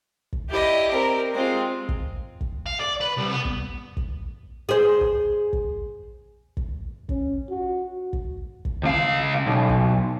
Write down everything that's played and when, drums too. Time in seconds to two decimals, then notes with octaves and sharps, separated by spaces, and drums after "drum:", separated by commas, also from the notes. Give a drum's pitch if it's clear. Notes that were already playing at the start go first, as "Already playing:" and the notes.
0.33 drum: kick
0.50 E4 G4 D5 D#5
0.90 C4 A#4
1.34 G#3 C4 F4
1.89 drum: kick
2.41 drum: kick
2.66 F5
2.80 D5
3.01 B4
3.17 C2
3.30 B3
3.45 drum: kick
3.97 drum: kick
4.69 G#4 C5
5.01 drum: kick
5.53 drum: kick
6.57 drum: kick
7.09 C#4, drum: kick
7.50 F#4
8.13 drum: kick
8.65 drum: kick
8.83 C#2 F5
9.46 B1
9.69 drum: kick